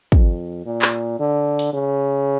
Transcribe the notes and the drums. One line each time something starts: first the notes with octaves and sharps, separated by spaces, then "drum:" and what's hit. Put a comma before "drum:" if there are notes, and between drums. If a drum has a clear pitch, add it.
F2, drum: kick
A#2
drum: clap
D3
drum: open hi-hat
C#3